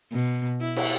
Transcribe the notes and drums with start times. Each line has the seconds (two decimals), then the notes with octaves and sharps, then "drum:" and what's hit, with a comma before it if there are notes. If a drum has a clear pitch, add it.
0.12 B2
0.61 E4
0.77 drum: cymbal